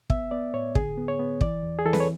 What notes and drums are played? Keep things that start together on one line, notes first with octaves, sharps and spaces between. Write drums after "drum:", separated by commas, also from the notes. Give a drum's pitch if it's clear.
B3 E5, drum: kick
B3 D5
A2 C#5
D3 G#4, drum: kick
B3
C#5
B3
E3 D5, drum: kick
E2
G#4
E3 A4
B4, drum: snare C4
C#5